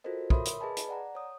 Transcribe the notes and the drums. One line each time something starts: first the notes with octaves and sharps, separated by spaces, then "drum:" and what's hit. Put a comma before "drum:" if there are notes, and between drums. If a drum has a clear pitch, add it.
F4 F#4 A4 A#4 C5 D#5
A#4 C#5 E5 B5 C6 D#6, drum: kick
drum: hi-hat
G#4 B4 D#5 G#5 A5 B5
drum: hi-hat
D5 F#5 A#5
C#5 D#6